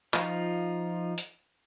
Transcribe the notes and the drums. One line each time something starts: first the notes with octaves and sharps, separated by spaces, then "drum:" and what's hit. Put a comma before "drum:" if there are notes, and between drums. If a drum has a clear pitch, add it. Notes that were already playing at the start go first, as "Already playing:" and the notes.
F3 D#4 F4, drum: clap
drum: hi-hat